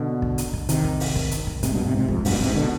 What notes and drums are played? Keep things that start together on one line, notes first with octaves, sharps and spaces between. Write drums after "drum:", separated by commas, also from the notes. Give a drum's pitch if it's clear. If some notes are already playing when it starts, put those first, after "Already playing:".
Already playing: B2 D3
drum: kick
drum: hi-hat
drum: kick
C3 D#3, drum: hi-hat
drum: kick
drum: open hi-hat
drum: kick
drum: hi-hat
drum: kick
G#2 C3, drum: hi-hat
G2 B2
G#2 C3
G#2 C3
F2 G#2, drum: kick
G2 B2, drum: open hi-hat
G#2 C3, drum: kick
B2 D3